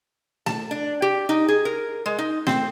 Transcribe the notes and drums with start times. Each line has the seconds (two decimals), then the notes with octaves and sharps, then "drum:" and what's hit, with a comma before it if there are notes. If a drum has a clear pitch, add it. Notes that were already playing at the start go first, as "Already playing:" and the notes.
0.46 A5, drum: snare
0.71 D4
1.02 G4
1.29 D#4
1.48 G#4
1.65 A#4
2.06 G#3
2.19 D#4
2.47 C4, drum: snare